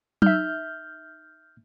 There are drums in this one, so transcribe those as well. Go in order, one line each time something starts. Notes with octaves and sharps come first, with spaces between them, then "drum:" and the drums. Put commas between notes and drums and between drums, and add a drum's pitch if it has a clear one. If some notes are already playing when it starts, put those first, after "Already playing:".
D#4 E5 F6 G6, drum: tom F#3